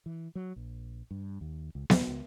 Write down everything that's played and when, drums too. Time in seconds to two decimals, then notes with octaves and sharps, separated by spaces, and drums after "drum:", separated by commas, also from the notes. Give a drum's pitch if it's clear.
0.06 E3
0.35 F#3
0.56 A#1
1.11 G2
1.41 D#2
1.75 C#2
1.90 D#2, drum: snare B3
2.08 C#2